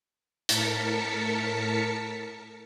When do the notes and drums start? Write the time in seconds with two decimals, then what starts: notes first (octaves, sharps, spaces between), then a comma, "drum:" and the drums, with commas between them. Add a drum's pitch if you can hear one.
0.49 A2 A#4 A5 B6 C#7, drum: hi-hat